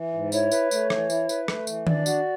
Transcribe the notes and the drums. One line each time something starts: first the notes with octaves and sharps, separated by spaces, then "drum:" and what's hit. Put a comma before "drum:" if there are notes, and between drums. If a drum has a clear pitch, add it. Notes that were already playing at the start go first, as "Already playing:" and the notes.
Already playing: E3
G#2
E4 C#5, drum: tambourine
B4, drum: tambourine
A3, drum: tambourine
E3, drum: rim click
E4, drum: tambourine
B4, drum: tambourine
A3, drum: rim click
E3, drum: tambourine
D4 D5, drum: tom D#3
F#4, drum: tambourine